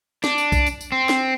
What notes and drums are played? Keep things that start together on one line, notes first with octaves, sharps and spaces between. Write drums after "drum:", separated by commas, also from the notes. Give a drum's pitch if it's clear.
D4, drum: snare
drum: tambourine
drum: kick, tambourine
drum: tambourine
drum: tambourine
C4
drum: snare